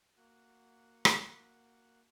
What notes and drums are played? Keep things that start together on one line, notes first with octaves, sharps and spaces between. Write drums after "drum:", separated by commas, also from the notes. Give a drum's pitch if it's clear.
A#3 F#4 F#5
drum: rim click